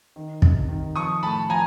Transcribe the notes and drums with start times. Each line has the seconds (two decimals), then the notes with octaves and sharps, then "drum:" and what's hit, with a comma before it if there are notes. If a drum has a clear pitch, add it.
0.16 D#3
0.42 C3, drum: kick
0.69 D#3
0.95 F3 C#6 D#6
1.23 A2 A5 B5
1.49 F3 G#5 A#5